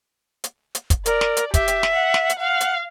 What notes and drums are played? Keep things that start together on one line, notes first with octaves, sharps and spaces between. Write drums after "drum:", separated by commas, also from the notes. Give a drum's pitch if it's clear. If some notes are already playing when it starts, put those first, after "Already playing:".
drum: hi-hat
drum: hi-hat
drum: kick, hi-hat
A#4 D5, drum: hi-hat
drum: snare
drum: hi-hat
G4 E5, drum: kick, hi-hat
drum: hi-hat
drum: snare
F#5
drum: snare
drum: hi-hat
F5 F#5
drum: hi-hat